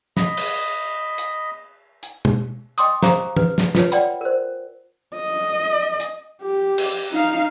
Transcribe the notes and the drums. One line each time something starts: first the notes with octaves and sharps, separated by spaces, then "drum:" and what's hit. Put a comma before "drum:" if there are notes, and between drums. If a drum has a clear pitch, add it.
D#5 B5, drum: snare
drum: cymbal
drum: hi-hat
drum: hi-hat
drum: tom
D#5 G5 C6 D6 D#6, drum: hi-hat
G4 C5 F5 A#5 C#6 D6, drum: snare
B4, drum: tom
drum: snare
F4 B4 C#5, drum: snare
D5 F#5 G5 B5, drum: hi-hat
A#4 C5
D#5
drum: hi-hat
G4
drum: cymbal
D#4 F5, drum: tambourine